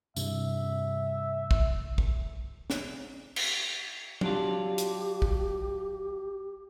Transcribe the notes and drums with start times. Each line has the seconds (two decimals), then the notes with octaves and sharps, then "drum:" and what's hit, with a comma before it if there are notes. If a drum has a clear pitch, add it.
0.16 G2 C3 E5, drum: tambourine
1.51 drum: kick
1.98 drum: kick
2.70 drum: snare
3.36 drum: cymbal
4.21 F#3 D4 F4 G4, drum: tom
4.78 drum: hi-hat
5.22 drum: kick